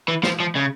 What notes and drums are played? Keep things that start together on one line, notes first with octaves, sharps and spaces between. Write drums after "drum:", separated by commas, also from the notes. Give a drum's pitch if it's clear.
E3
F3, drum: snare
F3
C#3